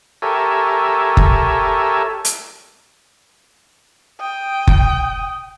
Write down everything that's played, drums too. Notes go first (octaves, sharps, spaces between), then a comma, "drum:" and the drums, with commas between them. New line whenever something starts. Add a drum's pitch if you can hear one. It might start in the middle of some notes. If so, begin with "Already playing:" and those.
G4 A4 A#4 C#5 E5 G#5
drum: kick F#1
drum: hi-hat
G5 D#6
drum: kick F#1